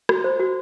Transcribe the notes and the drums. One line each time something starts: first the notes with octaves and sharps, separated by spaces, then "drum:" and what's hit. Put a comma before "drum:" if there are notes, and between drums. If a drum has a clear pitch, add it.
F#4, drum: rim click
C5
F#4